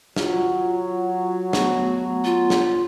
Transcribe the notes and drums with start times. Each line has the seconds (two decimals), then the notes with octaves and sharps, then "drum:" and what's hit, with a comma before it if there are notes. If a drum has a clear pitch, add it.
0.16 F#3 F4, drum: snare
1.53 A3 B3 F#4, drum: snare
2.24 F4
2.50 drum: snare